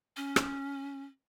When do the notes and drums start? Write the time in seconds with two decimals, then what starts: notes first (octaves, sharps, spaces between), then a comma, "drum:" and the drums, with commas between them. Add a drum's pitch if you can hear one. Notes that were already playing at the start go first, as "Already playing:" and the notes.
0.17 C#4
0.36 drum: rim click